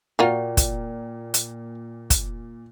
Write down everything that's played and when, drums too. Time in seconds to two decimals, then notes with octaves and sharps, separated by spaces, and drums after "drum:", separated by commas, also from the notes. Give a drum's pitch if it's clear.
0.19 A#2 F4 F#4 A#4 D5 G5
0.57 drum: kick, hi-hat
1.34 drum: hi-hat
2.10 drum: kick, hi-hat